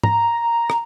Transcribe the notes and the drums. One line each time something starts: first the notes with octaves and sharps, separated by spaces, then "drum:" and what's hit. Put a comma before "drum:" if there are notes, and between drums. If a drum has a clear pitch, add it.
A#5, drum: tom
drum: rim click